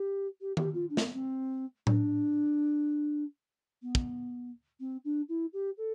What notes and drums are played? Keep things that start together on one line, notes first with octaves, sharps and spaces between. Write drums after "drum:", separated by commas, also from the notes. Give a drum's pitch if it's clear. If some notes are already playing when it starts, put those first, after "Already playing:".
Already playing: G4
G4
G4, drum: tom D#3
F4
D4
C4, drum: snare
B3
C4
D4, drum: tom A2
B3
drum: kick
C4
D4
E4
G4
A4